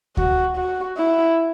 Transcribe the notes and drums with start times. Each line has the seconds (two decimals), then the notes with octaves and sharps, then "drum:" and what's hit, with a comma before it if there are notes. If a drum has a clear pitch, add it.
0.17 F#4, drum: kick D2
0.57 F#4
0.97 E4